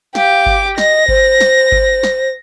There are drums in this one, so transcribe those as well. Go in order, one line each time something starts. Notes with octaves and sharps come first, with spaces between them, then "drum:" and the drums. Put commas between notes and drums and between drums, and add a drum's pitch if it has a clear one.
G4 F5 D6, drum: snare
drum: kick G1
D#5 A#6, drum: snare
C5, drum: kick G1
drum: snare
drum: kick G1
drum: snare